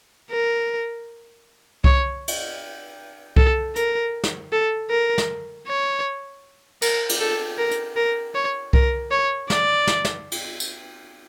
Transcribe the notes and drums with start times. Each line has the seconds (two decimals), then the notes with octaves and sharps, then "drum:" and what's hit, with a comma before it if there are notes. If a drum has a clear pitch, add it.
0.31 A#4
1.84 C#5, drum: kick C2
2.28 drum: cymbal
3.37 A4, drum: kick C2
3.76 A#4, drum: hi-hat
4.24 drum: snare
4.52 A4
4.90 A#4
5.18 drum: snare
5.67 C#5
6.82 A#4, drum: cymbal
7.09 drum: cymbal
7.20 A4
7.58 A#4
7.71 drum: hi-hat
7.96 A#4
8.35 C#5
8.73 A#4, drum: kick C2
9.11 C#5
9.50 D5, drum: snare
9.87 drum: snare
10.05 drum: snare
10.32 drum: cymbal
10.60 drum: tambourine